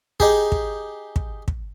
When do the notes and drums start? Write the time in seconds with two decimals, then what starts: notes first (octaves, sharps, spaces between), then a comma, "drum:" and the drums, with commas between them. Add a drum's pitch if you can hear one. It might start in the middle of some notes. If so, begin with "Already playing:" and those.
0.20 D#4 G4 G#4, drum: kick
0.52 drum: kick
1.16 drum: kick
1.48 drum: kick